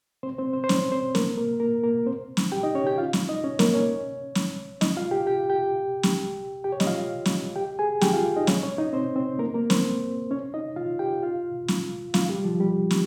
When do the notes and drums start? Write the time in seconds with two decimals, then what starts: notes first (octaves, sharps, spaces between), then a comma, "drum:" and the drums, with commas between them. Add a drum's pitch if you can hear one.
0.23 C4 C5
0.38 C4 C5
0.53 C4 C5
0.64 C5
0.69 C#4 C#5, drum: snare
0.92 C4 C5
1.15 A#3 A#4, drum: snare
1.37 A#3 A#4
1.60 A#3 A#4
1.84 A#3 A#4
2.06 C4 C5
2.37 drum: snare
2.52 G4 G5
2.63 D#4 D#5
2.75 C#4 C#5
2.87 G4 G5
2.98 F4 F5
3.13 drum: snare
3.29 D#4 D#5
3.44 C#4 C#5
3.59 A#3 A#4, drum: snare
3.74 C#4 C#5
4.35 drum: snare
4.81 D#4 D#5, drum: snare
4.97 F4 F5
5.11 G4 G5
5.27 G4 G5
5.50 G4 G5
6.03 drum: snare
6.64 G4 G5
6.72 C#5
6.80 D#5, drum: snare
6.87 F4 F5
7.25 drum: snare
7.56 G4 G5
7.79 G#4 G#5
8.01 G4 G5, drum: snare
8.13 F4 F5
8.36 D#4 D#5
8.47 C#4 C#5, drum: snare
8.63 C#4 C#5
8.78 D#4 D#5
8.93 C4 C5
9.16 C4 C5
9.39 A#3 A#4
9.54 A#3 A#4
9.70 C4 C5, drum: snare
10.31 C#4 C#5
10.54 D#4 D#5
10.76 F4 F5
10.99 G4 G5
11.22 F4 F5
11.68 drum: snare
12.14 F4 F5, drum: snare
12.29 G3 G4
12.45 F3 F4
12.60 G3 G4
12.91 drum: snare